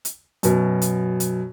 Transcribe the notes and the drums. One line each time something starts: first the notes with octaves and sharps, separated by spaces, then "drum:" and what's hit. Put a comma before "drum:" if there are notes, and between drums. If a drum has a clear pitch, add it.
drum: hi-hat
F#2 B2, drum: hi-hat
drum: hi-hat
drum: hi-hat